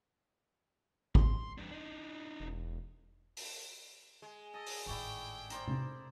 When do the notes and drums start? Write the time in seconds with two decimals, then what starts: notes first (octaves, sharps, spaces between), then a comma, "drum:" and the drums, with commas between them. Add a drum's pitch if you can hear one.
1.15 C6, drum: kick
1.58 F2 D4
1.71 D4 D#4
2.40 E1
3.37 drum: open hi-hat
4.22 G#3
4.54 G#4 A4 D#5
4.66 drum: open hi-hat
4.86 G#1 A2 E4 D5 G5 C#6
5.50 A#4 C5 D5, drum: hi-hat
5.68 drum: tom C3